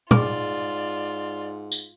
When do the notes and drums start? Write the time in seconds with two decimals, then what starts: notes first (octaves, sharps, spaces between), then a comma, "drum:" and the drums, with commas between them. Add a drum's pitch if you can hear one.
0.11 G#2 F4 G#4 D5, drum: tom
1.72 drum: tambourine